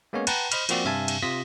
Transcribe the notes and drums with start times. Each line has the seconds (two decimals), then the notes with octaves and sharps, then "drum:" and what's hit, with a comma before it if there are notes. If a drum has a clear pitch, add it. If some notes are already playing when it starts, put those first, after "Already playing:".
0.13 G#3 A#3 B3 C#4 C#5
0.27 B4 F#5 G5 A5 A#5, drum: cymbal
0.52 C5 D#5 B5 F6, drum: cymbal
0.69 F3 A#3 C4 F#4 D5, drum: cymbal
0.85 G2 C3 E5 F5 G#5 A5
1.08 drum: cymbal
1.23 C3 F4 D#6 A#6 B6